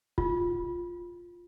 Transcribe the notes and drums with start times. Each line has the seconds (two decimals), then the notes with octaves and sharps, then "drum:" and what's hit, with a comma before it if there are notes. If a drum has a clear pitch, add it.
0.18 F4, drum: kick